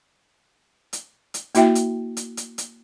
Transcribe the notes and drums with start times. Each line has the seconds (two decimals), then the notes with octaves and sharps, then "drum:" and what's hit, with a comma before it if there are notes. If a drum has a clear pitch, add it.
0.93 drum: hi-hat
1.34 drum: hi-hat
1.55 A#3 E4 F#4 E5 G5, drum: hi-hat
1.75 drum: hi-hat
2.17 drum: hi-hat
2.37 drum: hi-hat
2.58 drum: hi-hat